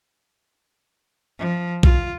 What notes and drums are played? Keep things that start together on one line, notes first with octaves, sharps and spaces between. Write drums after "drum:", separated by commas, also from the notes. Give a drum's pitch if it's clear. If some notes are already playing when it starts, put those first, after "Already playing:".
F3
F4, drum: kick A#1